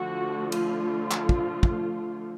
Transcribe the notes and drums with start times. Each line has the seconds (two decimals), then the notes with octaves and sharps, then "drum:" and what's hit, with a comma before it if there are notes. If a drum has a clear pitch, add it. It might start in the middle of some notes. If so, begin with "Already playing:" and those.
Already playing: D3 F3 A3 F#4
0.52 F4, drum: cymbal
1.11 drum: clap
1.29 drum: kick
1.63 drum: kick